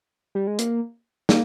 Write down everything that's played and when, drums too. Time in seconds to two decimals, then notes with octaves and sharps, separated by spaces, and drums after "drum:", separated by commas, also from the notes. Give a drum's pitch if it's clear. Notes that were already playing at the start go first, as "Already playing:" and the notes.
0.35 G3
0.47 G#3
0.59 A#3, drum: hi-hat
1.29 A#3, drum: snare